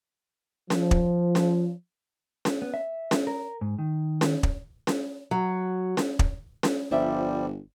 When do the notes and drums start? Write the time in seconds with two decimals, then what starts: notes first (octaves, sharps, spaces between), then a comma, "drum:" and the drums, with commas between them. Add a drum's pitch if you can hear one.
0.70 F3, drum: snare C#4
0.91 drum: kick
1.35 drum: snare C#4
2.45 drum: snare C#4
2.62 B3
2.74 E5
3.11 drum: snare C#4
3.27 A#4
3.61 G#2
3.79 D#3
4.21 drum: snare C#4
4.43 drum: kick
4.87 drum: snare C#4
5.31 F#3
5.97 drum: snare C#4
6.19 drum: kick
6.63 drum: snare C#4
6.91 G1 F3 G3 C5 D5 E5